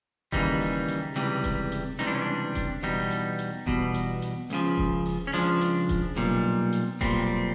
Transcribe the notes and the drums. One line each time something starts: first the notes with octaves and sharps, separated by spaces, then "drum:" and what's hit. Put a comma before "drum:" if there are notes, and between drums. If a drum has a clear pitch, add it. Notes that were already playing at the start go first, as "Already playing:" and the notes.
D#2 C#3 E3 G3 D#4, drum: kick E1, hi-hat
drum: open hi-hat
drum: hi-hat
C#2 C3 E3 G3, drum: hi-hat
drum: kick E1, hi-hat
drum: hi-hat
C#2 C3 E3 G3 D#4, drum: hi-hat
D4
C#4
D4
drum: kick E1, hi-hat
E2 B2 G3 D#4, drum: open hi-hat
drum: hi-hat
drum: hi-hat
E2 B2 G3, drum: kick E1
drum: hi-hat
drum: hi-hat
C#2 C#3 F3, drum: hi-hat
drum: kick E1
drum: open hi-hat
C#4
C#2 C#3 F3 D4, drum: hi-hat
drum: hi-hat
drum: kick E1, hi-hat
B1 A#2 G3, drum: hi-hat
drum: hi-hat
B1 A#2 G3 C4, drum: kick E1, hi-hat